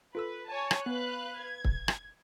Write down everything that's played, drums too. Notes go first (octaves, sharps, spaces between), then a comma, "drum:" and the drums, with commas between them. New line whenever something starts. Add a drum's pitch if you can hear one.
F4 A4 B4 E6
C#5 G#5 A5
drum: rim click
B3 B4 F5 F#6
G#6
drum: kick
drum: rim click